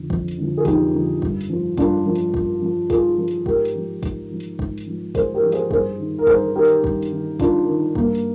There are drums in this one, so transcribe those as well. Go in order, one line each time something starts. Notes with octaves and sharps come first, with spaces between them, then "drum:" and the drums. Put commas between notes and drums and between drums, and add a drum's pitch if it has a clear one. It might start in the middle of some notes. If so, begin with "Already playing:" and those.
Already playing: F2 D3 F3
F2, drum: kick
drum: hi-hat
D3 F3
G#4
F2 D#4 G4, drum: kick, hi-hat
D3 F3
G2, drum: kick
drum: hi-hat
F3
G2 D4 F4, drum: kick, hi-hat
F3
drum: hi-hat
G2, drum: kick
F3
G2 F4 G#4, drum: kick, hi-hat
F3
drum: hi-hat
G#2 G4 A#4, drum: kick
drum: hi-hat
F3
G#2, drum: kick, hi-hat
F3
drum: hi-hat
G#2, drum: kick
drum: hi-hat
F3
G#2 G#4 C5, drum: kick, hi-hat
G4 A#4
F3
G#4 C5, drum: hi-hat
G2 G#4 C5, drum: kick
D#3
A#4
G2 G#4 C5, drum: kick, hi-hat
D#3 G4 A#4
drum: hi-hat
G2, drum: kick
drum: hi-hat
D#3
G2 D4 F4, drum: kick, hi-hat
D#3
G2 A#3, drum: kick
drum: hi-hat